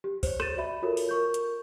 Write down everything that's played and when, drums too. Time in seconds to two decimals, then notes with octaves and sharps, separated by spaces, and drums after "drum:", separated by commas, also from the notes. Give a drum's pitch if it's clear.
0.04 G4
0.23 C5 C#5, drum: kick, open hi-hat
0.40 A6 D#7 E7, drum: rim click
0.57 F#4 D5 E5 B5
0.82 F4 F#4 A4 A#4 C#5
0.97 drum: open hi-hat
1.09 A#4 C#6 G6
1.34 drum: hi-hat